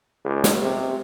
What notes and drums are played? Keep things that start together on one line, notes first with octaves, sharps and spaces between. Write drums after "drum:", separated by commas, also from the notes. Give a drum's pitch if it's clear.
C#2
drum: snare
C3